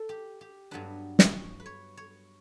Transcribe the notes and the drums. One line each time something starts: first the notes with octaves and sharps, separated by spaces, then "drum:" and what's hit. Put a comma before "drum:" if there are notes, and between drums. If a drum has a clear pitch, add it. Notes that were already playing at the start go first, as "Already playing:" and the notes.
Already playing: A4
G4
G4
G2 F#3 B3 D4 B4
C#5, drum: snare
B4
C#5
C#5